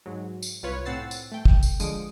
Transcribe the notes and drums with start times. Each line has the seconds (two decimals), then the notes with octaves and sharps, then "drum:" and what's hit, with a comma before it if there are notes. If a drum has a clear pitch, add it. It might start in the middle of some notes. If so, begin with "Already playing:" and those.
0.06 G#2 F#3
0.42 drum: tambourine
0.63 C2 F4 B4 C#5
0.85 A2 C4 F#5 E6 A6 C7
1.11 drum: tambourine
1.32 A3 G5
1.45 drum: kick
1.63 drum: tambourine
1.80 D3 F3 G#3 D#6 D7, drum: tambourine